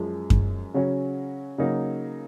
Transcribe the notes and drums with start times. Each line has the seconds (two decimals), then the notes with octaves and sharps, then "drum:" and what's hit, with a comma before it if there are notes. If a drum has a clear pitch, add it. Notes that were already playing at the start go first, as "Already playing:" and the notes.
Already playing: F#2 F3 G#3
0.30 drum: kick F#2
0.74 C#3 F#3 C#4 F#4
1.58 C#3 F#3 A#3 D#4